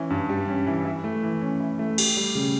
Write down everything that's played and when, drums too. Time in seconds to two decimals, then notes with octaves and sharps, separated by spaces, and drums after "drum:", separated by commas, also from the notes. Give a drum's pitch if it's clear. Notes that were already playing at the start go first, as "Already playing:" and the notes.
Already playing: E3 C#4
0.10 G2
0.29 G3
0.48 C#4
0.66 E3
0.85 E4
1.04 A3
1.23 E3
1.41 C#4
1.60 E4
1.79 A3
1.98 G4, drum: cymbal
2.17 G3
2.35 C#3